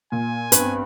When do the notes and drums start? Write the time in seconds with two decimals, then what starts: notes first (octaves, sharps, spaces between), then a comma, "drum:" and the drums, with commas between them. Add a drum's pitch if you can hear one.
0.12 A#2 G#5
0.52 G2 B3 C4 B4, drum: hi-hat